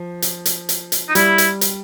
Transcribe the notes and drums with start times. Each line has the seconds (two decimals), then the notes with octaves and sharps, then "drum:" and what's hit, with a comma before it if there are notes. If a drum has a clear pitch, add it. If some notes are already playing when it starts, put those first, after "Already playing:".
Already playing: F3
0.22 drum: hi-hat
0.46 drum: hi-hat
0.69 drum: hi-hat
0.92 drum: hi-hat
1.09 D#4
1.15 G3 E4, drum: hi-hat
1.38 drum: hi-hat
1.61 drum: hi-hat